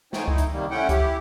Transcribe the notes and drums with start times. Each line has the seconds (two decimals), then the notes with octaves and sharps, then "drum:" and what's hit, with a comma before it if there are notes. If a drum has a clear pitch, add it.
0.13 B3 D#4 C5 C#5 G5 G#5, drum: snare
0.28 D#4 E4, drum: kick C#2
0.38 drum: hi-hat
0.51 C3 D#3 G3 A#3
0.71 A3 C#4 E4 F#5 G5
0.89 E4 G4, drum: kick C#2, hi-hat